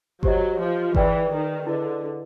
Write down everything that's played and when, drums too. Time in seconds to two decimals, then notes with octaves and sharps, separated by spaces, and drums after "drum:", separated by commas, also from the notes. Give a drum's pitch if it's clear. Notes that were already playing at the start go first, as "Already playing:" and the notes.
0.23 F#3 G4 C5 D#5, drum: kick G1
0.59 F3
0.95 E3 G#4 B4 D5 G5, drum: kick G1
1.31 D#3
1.67 D3 E4 G#4 B4 D#5